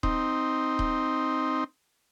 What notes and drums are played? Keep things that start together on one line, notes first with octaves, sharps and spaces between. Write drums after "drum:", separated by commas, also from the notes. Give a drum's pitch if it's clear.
C4 D#4, drum: kick D#1
drum: kick D#1